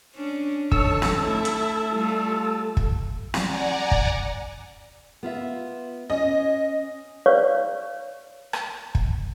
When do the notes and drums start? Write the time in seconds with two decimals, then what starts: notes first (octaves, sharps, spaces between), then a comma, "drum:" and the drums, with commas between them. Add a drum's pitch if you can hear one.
0.15 C#4 D4
0.72 D#3 A4 C#5 A5 E6, drum: kick
1.02 drum: snare
1.21 A3 E4
1.45 drum: hi-hat
1.93 G3 A3 F4
2.77 drum: kick
3.34 D5 F#5 G#5 A#5, drum: snare
3.91 drum: kick
5.23 B3 F4 E5
6.10 C#4 D#5
7.26 B4 C#5 D5 F5 C#6
8.53 drum: rim click
8.95 drum: kick